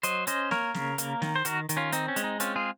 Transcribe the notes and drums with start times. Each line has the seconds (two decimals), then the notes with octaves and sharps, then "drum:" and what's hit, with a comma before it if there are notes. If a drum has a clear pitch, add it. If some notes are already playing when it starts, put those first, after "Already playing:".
0.03 F#3 C5 D#5, drum: hi-hat
0.27 C#4 C5 D#5, drum: hi-hat
0.51 A#3 A#4 C#5, drum: snare
0.74 C#3, drum: snare
0.98 A#3, drum: hi-hat
1.22 D#3, drum: snare
1.36 C5
1.45 D#3 F#4 A#4, drum: hi-hat
1.69 D#3, drum: hi-hat
1.77 C#4 F4
1.92 C4 D#4, drum: hi-hat
2.08 C#4
2.16 G#3, drum: hi-hat
2.24 D#4
2.40 C4 C#4 F4, drum: hi-hat
2.56 F4 G#4